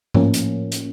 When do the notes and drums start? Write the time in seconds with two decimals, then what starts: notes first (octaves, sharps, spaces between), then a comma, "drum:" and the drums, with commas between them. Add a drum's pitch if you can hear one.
0.14 A2 F3 A#3 C#4, drum: tom G#2
0.34 drum: hi-hat
0.72 drum: hi-hat